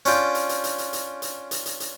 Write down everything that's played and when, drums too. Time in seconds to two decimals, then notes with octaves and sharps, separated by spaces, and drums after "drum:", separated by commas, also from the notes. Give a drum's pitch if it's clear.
0.05 C#4 D4 F4 G5, drum: hi-hat
0.35 drum: hi-hat
0.49 drum: hi-hat
0.64 drum: hi-hat
0.78 drum: hi-hat
0.93 drum: hi-hat
1.22 drum: hi-hat
1.51 drum: hi-hat
1.66 drum: hi-hat
1.80 drum: hi-hat